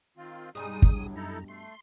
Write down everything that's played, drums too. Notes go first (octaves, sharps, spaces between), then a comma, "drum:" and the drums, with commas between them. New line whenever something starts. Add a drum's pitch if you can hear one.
D#3 C4 F4
G2 B2 G3 G#3 D#4 G#4 D#6
drum: kick
A2 F#3
F#2 D#4 E4 A4 A#5
A3 C6